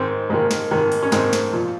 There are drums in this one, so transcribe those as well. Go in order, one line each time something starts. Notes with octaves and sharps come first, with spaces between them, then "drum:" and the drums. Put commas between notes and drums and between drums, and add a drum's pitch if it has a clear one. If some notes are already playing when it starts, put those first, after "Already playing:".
Already playing: G#2 D#3 C4
G#2 D#3 A#3
drum: snare
G#2 D#3
drum: open hi-hat
C#4
G#2 D#3 C4, drum: snare
drum: snare
A#2 F3